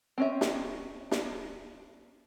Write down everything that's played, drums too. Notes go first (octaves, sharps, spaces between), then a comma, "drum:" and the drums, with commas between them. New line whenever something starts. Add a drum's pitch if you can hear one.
C4 C#4 E5
drum: snare
drum: snare